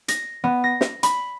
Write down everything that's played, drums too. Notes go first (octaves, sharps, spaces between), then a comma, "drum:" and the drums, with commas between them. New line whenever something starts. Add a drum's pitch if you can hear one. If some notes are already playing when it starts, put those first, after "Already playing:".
A#6, drum: hi-hat
B3
A#6
drum: snare
B5, drum: hi-hat